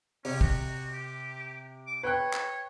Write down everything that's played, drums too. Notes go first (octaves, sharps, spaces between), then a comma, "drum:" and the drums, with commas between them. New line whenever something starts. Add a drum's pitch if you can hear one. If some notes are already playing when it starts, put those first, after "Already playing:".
C3 C#4, drum: open hi-hat
F#4, drum: kick
G4
D6
B4 C#5 G5 F#6
drum: clap